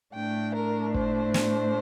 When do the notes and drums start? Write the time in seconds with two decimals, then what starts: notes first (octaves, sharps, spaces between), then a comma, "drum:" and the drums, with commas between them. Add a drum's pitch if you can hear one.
0.13 A2 A3 D4 G5
0.54 A#4
0.94 C5, drum: kick
1.34 drum: snare